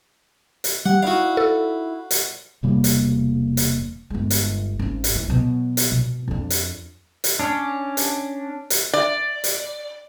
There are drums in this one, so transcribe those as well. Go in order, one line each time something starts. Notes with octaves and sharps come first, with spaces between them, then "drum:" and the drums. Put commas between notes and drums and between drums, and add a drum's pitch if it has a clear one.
drum: hi-hat
G3 F#5
D#4 E4 F#4 D5 F5
A4
drum: hi-hat
E1 C3 G3 A#3
drum: hi-hat
drum: hi-hat
G1 G#3
drum: hi-hat
G#1 C#4
drum: hi-hat
E3
B2 F#3
drum: hi-hat
B2
F2 D4
drum: hi-hat
drum: hi-hat
C#4 D4
drum: hi-hat
drum: hi-hat
D5
drum: hi-hat